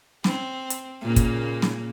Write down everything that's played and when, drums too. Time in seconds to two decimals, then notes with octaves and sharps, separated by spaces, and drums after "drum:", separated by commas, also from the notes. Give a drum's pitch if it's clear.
0.24 C4, drum: snare
0.70 drum: hi-hat
1.01 A#2 C#3 A#3
1.16 drum: kick, hi-hat
1.62 drum: snare